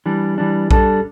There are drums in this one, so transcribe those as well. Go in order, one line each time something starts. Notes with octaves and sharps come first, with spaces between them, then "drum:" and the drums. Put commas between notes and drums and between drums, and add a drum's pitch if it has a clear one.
E3 G3 D4
E3 G3 D4
G3 D4 A4, drum: kick A#1